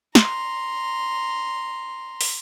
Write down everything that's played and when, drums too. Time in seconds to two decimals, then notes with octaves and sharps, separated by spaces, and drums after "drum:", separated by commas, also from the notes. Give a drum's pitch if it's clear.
0.15 A#5 C6, drum: snare
2.21 drum: open hi-hat